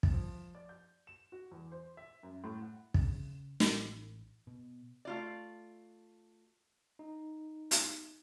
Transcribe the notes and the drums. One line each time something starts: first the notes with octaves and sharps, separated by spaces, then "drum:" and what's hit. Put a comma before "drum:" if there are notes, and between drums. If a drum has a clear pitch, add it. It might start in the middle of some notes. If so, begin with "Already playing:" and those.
drum: kick
F3
D5
G6
E7
F#4
E2
C5
E5
F#2
A2
F#5
C#3, drum: kick
A1, drum: snare
B2
A3 F4 D5
D#4
drum: hi-hat